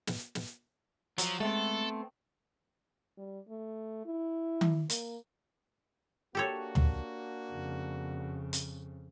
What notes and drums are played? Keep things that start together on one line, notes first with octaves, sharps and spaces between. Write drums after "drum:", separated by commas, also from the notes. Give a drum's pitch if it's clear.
drum: snare
drum: snare
F3 F#3, drum: hi-hat
G#3 A3 B3 C4 A4
G3
A3
E4
drum: tom D#3
A#3, drum: hi-hat
A#3 D4 F#4 G4 A4 C#5
drum: tom
F2 C#3
drum: hi-hat